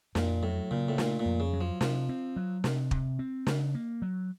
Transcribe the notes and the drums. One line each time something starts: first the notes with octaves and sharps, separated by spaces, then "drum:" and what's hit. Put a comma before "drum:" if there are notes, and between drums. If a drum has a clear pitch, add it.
F2 A#2, drum: snare
A2 F#3
A#2 C#3
A2
A#2 A3, drum: snare
A#2
F2
C#3
F#3
F3
C3 F3, drum: snare
C4
F#3
C3, drum: snare
C3, drum: kick
C4
C#3, drum: snare
A#3
F#3